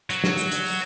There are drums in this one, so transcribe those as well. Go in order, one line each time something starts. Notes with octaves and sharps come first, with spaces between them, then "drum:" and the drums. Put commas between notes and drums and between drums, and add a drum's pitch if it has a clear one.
F#3, drum: hi-hat
drum: snare
drum: hi-hat
drum: hi-hat
drum: open hi-hat